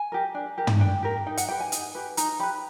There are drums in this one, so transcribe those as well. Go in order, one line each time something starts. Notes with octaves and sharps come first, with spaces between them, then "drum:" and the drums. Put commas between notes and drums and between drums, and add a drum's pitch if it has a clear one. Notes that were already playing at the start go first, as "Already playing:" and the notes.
Already playing: G#5
G4 A#4
D4
G4 A#4
drum: tom
D4 G5
G4 A#4
D#4 G5
F#5, drum: hi-hat
G4 B4 G5
G#5
D#4, drum: hi-hat
G4 B4
D#4 A#5, drum: hi-hat
G4 B4 B5